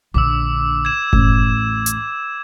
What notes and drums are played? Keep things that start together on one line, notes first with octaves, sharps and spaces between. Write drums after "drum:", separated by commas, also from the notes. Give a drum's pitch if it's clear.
A#1 D3 D6 E6
G#6 E7
A1 E2, drum: kick F#1
drum: hi-hat